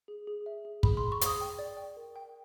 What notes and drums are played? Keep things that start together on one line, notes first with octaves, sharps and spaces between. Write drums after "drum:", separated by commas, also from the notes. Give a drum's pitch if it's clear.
G#4
G#4
E5
G#4
G#4 B5, drum: kick
C6
G#4
C#6
G#4 D#6, drum: hi-hat
G5
D5
G5
A#4
G5